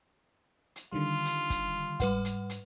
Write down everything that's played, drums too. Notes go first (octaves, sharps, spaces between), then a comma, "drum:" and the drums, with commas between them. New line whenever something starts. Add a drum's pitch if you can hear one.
drum: hi-hat
D3 D#3 G3 F4
drum: hi-hat
drum: kick, hi-hat
G#2 G3 B4 F#5, drum: kick, hi-hat
drum: hi-hat
drum: hi-hat